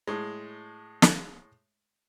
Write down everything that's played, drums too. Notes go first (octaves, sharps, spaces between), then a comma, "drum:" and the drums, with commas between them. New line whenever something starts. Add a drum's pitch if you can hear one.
A2 G#3
drum: snare